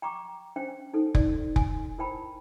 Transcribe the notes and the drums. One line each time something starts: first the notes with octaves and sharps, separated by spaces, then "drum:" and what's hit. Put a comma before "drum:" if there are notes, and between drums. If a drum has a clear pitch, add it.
G5 A#5 C#6 D6
C#4 D4 C5 G5
D#4 A4 C5
D5, drum: kick F1
G#5, drum: kick F1
E4 A#4 C5 G5 A5 B5